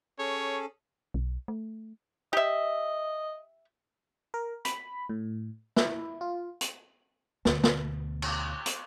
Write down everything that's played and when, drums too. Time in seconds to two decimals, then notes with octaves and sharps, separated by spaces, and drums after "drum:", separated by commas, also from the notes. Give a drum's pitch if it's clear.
0.19 C#4 G#4 A4 C#5
1.14 B1
1.48 A3
2.33 G4 D#5 E5
4.34 A#4
4.65 B5, drum: hi-hat
5.09 A2
5.76 E4, drum: snare
6.21 F4
6.61 drum: hi-hat
7.45 D2 B2, drum: snare
7.64 drum: snare
8.22 drum: cymbal
8.66 drum: hi-hat